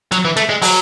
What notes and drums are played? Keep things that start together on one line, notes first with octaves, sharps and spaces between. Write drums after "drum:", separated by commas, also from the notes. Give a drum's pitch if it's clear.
F#3, drum: hi-hat
E3
A3, drum: hi-hat
G#3
F#3, drum: open hi-hat